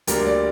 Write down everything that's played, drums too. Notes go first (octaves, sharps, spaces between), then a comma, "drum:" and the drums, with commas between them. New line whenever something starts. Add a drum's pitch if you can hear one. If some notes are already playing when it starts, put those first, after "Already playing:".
D2 D3 G3 A#3 A#4, drum: hi-hat
D5